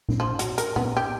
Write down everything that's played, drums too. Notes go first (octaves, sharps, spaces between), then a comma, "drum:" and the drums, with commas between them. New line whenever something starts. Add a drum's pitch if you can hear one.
drum: tom A#2
F3
F#3, drum: hi-hat
A#4, drum: hi-hat
B3, drum: tom A#2
G4